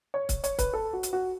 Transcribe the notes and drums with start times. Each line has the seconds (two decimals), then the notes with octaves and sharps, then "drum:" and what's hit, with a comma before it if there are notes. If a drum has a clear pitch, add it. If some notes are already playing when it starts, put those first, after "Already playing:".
0.14 C#5
0.29 drum: kick C#1, hi-hat
0.44 C#5, drum: hi-hat
0.59 B4, drum: kick C#1, hi-hat
0.73 A4
0.93 F#4
1.03 drum: hi-hat
1.13 F#4